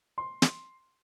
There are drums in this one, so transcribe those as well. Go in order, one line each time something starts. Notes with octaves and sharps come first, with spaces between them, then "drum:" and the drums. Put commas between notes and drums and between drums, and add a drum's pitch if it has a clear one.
C6
drum: snare